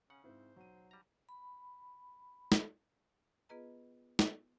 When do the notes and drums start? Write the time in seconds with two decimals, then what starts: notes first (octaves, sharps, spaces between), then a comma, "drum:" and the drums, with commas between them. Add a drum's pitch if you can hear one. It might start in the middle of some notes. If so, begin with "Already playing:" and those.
0.10 C#3 C#4 F#5
0.24 G#2 C4 E4 C5
0.56 B1 F#3 D#7
0.91 G3 A#5
1.29 B5
2.52 drum: snare
3.49 B3 F4 G#4 B4 D#5 A#5
4.19 drum: snare